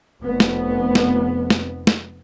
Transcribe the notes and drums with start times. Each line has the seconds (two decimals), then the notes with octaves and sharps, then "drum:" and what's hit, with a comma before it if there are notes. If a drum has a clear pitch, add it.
0.22 F1 F2 B3
0.40 drum: snare
0.95 drum: snare
1.50 drum: snare
1.87 drum: snare